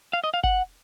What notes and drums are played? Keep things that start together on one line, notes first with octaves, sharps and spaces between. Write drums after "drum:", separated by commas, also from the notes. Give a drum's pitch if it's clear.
F5
D#5
F5
F#5, drum: kick G1